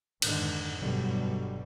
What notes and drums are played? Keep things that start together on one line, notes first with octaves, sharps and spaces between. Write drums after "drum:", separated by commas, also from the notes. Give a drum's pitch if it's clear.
F2 G#2 D3 D#3, drum: cymbal
G1 B2 D3 F#3 G3